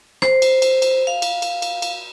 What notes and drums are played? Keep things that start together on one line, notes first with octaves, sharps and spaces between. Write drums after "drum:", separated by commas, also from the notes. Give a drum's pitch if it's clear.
C5, drum: rim click
drum: cymbal
drum: cymbal
drum: cymbal
F5
drum: cymbal
drum: cymbal
drum: cymbal
drum: cymbal